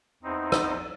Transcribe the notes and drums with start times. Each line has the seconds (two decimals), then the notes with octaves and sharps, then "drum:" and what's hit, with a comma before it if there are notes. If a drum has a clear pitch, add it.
0.23 E2 C4 D#4
0.52 drum: rim click